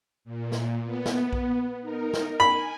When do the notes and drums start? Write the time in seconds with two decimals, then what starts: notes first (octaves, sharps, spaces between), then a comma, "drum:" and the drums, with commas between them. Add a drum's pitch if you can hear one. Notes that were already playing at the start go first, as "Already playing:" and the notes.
0.25 A#2
0.52 drum: snare
0.84 B3
1.06 drum: snare
1.33 drum: kick A#1
1.82 D#4 A#4
2.13 drum: snare
2.40 G#5 B5